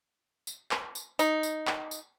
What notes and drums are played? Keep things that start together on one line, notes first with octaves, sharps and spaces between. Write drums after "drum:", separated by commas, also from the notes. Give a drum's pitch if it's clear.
drum: tambourine
drum: clap
drum: tambourine
D#4, drum: tambourine
drum: tambourine
drum: clap
drum: tambourine